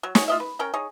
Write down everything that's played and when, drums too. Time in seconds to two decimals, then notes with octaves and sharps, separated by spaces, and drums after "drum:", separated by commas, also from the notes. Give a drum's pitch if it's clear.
0.03 F#3
0.15 F#4 G#4 C#5, drum: snare
0.28 F4 D#5 E5
0.40 B4
0.59 C#4 A#4 G5
0.74 D#4 G#4 C#5